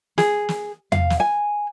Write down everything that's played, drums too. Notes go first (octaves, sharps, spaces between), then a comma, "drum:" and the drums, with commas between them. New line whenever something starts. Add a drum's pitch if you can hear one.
G#4, drum: snare
drum: snare
F5, drum: tom E2
drum: snare
G#5